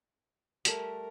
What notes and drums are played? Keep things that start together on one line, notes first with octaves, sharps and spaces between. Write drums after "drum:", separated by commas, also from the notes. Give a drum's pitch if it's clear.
G3 A3 A4 A#4, drum: hi-hat